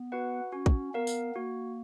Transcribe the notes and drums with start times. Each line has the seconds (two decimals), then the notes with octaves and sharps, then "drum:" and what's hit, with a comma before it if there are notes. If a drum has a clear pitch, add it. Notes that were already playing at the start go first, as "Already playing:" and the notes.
Already playing: B3
0.12 F#4 B4 F#5
0.53 C#4 F#4
0.66 drum: kick
0.94 B3 A#4 F5
1.07 drum: tambourine
1.35 A#3 F#4